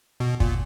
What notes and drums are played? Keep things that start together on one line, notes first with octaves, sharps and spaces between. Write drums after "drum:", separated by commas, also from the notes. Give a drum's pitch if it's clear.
B2
A#2, drum: kick